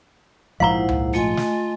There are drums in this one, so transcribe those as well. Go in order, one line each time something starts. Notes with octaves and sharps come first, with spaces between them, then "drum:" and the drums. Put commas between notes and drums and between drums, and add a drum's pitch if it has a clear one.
A#1 G#2 F3 E4 C5 F5 F#5 A#5
drum: tom C#2
A3 F4 D#5 G#5
drum: snare